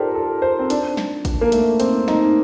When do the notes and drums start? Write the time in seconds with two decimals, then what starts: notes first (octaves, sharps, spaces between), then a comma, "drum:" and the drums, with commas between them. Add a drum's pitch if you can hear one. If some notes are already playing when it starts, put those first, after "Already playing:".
Already playing: F4 G4 A4 A#4 C5 D5
0.15 A4
0.42 C5
0.59 C4
0.70 D4, drum: hi-hat
0.97 drum: snare
1.25 drum: kick A1, hi-hat
1.41 A#3
1.52 A3, drum: hi-hat
1.80 C4, drum: hi-hat
2.08 D#4, drum: snare